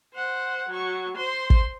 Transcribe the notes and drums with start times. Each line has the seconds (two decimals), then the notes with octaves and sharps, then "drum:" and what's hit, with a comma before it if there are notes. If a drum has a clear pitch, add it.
0.14 C5 F#5
0.69 F#3 C#6
1.16 C5 C6
1.50 drum: kick